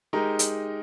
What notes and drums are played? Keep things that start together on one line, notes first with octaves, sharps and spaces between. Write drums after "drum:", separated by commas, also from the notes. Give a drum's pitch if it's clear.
G#3 D#4 G4 A#4
drum: hi-hat